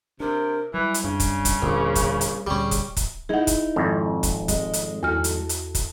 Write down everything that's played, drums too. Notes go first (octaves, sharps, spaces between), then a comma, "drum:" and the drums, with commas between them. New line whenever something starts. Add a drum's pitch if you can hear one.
C3 D4 A#4
E3 F#3 G3
drum: hi-hat
F#2 C#3 D4
drum: kick, hi-hat
drum: kick, hi-hat
A#1 D#2 A#2 D3
drum: kick, hi-hat
drum: hi-hat
D2 A#2 G3 C#4 G#4
drum: kick, hi-hat
drum: kick, hi-hat
D#4 E4 G#4 F#5
drum: kick, hi-hat
G#1 F2
drum: kick, hi-hat
G#3, drum: kick, hi-hat
drum: hi-hat
E2 F#4 A4 F6
drum: hi-hat
drum: hi-hat
drum: kick, hi-hat